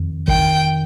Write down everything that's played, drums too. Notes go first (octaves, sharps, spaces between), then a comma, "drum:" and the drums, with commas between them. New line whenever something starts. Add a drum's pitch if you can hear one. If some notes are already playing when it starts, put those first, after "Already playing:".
Already playing: F2 D#3
D#3 G5, drum: kick